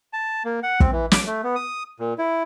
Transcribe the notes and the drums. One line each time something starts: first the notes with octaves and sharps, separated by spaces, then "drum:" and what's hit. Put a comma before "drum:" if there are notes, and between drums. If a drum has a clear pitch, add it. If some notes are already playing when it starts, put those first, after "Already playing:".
A5
A#3
F#5
C4, drum: kick
E3
D6, drum: snare
A3
B3
D#6
A#2
E4